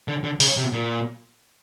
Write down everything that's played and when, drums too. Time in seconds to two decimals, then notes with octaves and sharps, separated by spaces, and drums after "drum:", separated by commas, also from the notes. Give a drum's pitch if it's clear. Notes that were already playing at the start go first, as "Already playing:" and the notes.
0.08 D3
0.24 D3
0.40 C#3, drum: open hi-hat
0.57 C3
0.73 A#2